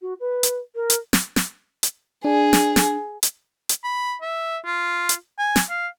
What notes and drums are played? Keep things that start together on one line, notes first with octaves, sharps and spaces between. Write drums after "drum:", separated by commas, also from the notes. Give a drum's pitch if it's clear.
F#4
B4
drum: hi-hat
A#4
drum: hi-hat
drum: snare
drum: snare
drum: hi-hat
D4 G#4
drum: snare
drum: snare
drum: hi-hat
drum: hi-hat
B5
E5
F4
drum: hi-hat
G#5
drum: snare
F5